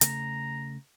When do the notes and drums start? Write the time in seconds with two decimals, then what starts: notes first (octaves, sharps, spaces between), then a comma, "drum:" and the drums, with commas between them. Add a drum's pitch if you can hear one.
0.01 C#3 A3 A#5, drum: hi-hat